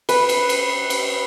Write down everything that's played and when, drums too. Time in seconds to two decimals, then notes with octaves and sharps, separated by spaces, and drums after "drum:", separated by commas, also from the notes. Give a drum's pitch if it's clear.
0.09 B4, drum: cymbal
0.29 drum: cymbal
0.49 drum: cymbal
0.90 drum: cymbal